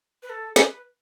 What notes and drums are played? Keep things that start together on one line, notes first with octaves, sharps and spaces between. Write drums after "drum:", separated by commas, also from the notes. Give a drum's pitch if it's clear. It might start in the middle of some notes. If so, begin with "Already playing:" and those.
B4
A4
B4, drum: snare